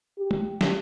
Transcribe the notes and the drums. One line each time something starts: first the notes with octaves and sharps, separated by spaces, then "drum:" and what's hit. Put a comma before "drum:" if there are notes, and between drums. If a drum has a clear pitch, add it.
G4
drum: tom
drum: snare